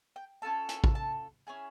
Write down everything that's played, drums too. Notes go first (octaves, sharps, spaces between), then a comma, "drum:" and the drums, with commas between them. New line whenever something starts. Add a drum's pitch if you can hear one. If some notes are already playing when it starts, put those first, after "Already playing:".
G5
C#4 F4 A4 A5
G#5, drum: hi-hat
drum: kick A1
A5
C#4 E4 G#4 G#5